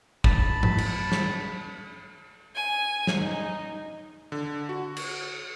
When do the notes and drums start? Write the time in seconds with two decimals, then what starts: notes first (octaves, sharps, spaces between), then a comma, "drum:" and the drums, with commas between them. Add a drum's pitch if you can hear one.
0.24 A5 B5, drum: kick
0.63 drum: tom G#2
0.78 drum: cymbal
1.12 drum: snare
2.56 G#5
3.07 drum: snare
3.20 D#4
4.32 D3
4.69 F#4
4.96 drum: cymbal